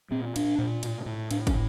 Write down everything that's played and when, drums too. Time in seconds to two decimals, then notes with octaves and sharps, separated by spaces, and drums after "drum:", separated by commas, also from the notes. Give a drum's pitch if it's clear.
0.11 A#2 C4
0.36 A#2 D4, drum: cymbal
0.58 A#2
0.83 A2, drum: cymbal
1.06 A2
1.31 A2 D4, drum: cymbal
1.47 C#4, drum: kick, cymbal
1.54 A2